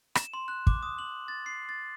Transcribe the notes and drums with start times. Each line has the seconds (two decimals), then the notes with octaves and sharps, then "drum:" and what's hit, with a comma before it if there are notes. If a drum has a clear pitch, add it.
0.15 E7, drum: rim click
0.34 C6
0.48 F#6
0.67 D6, drum: kick
0.83 D#6
0.99 F#7
1.28 A6
1.46 C7
1.69 A6